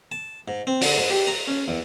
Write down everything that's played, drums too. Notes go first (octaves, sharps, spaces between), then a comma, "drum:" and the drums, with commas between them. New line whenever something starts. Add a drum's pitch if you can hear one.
A5
G#2
C4
D3, drum: open hi-hat
G#2
G4
A#5
C#4
E2